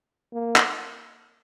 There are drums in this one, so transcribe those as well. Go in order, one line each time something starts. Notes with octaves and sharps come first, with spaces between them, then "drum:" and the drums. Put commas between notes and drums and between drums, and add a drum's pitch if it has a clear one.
A#3
drum: clap